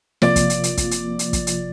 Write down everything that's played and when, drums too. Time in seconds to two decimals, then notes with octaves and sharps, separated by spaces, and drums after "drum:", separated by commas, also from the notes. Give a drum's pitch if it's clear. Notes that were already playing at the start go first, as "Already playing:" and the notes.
0.22 C3 F3 A#3 F4 D5, drum: snare
0.36 drum: kick, hi-hat
0.50 drum: hi-hat
0.64 drum: hi-hat
0.77 drum: kick, hi-hat
0.91 drum: hi-hat
1.19 drum: hi-hat
1.33 drum: kick, hi-hat
1.47 drum: hi-hat